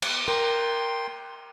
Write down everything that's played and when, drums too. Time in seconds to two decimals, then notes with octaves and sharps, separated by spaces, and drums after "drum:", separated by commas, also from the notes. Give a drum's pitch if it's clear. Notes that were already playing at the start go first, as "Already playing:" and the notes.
0.02 B3, drum: cymbal
0.28 A#4 G5 C6